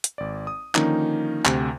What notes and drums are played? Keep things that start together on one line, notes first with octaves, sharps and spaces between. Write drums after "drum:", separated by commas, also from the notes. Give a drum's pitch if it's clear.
drum: hi-hat
G#1 D5
D#6
D3 D#3 F3 A#3 C#4 D#4, drum: clap
D2 C3 G5 G#5, drum: clap